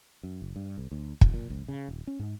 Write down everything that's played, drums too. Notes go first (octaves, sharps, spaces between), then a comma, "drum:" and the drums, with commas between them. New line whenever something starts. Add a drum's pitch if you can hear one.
F#2
F#1
G2
C2
D2
D#1, drum: kick
A#2
C#2
C#3
D#1
C#4
G#2